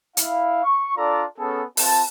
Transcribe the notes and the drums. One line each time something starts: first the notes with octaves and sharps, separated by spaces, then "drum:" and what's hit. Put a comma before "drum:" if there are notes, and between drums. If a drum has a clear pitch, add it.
E4 F5, drum: hi-hat
C#6
D4 F4 A4 D5 A#5
B3 C#4 G#4 A4
C4 F4 A5, drum: open hi-hat